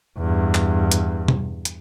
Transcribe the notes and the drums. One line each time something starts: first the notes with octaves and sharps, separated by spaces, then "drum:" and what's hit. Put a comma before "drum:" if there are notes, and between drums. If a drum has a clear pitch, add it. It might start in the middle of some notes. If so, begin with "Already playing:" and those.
E2 G2
drum: clap
drum: hi-hat
drum: tom
drum: hi-hat